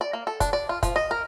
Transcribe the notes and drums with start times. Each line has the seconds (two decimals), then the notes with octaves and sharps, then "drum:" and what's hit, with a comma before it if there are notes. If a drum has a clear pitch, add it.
0.01 D5
0.13 A#3
0.27 A4
0.40 D4, drum: kick, hi-hat
0.53 D5
0.69 F4
0.83 F3, drum: kick, hi-hat
0.96 D#5
1.11 A#4